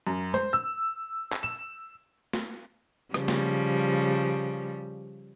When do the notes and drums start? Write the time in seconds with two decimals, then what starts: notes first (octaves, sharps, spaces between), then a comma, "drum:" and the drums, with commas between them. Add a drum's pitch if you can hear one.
0.07 F#2
0.34 C5, drum: tom G#3
0.53 E6
1.33 drum: clap
1.43 E7
2.33 drum: snare
3.14 C#3 F3 G3, drum: rim click
3.28 drum: snare